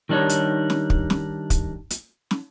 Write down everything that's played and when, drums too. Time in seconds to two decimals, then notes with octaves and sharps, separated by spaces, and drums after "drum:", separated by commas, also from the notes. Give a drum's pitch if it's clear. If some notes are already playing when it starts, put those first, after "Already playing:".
0.09 D#3 G3 D4 D#4 C#5
0.29 drum: hi-hat
0.70 drum: snare
0.90 drum: kick
1.10 drum: snare
1.50 drum: kick, hi-hat
1.90 drum: hi-hat
2.31 drum: snare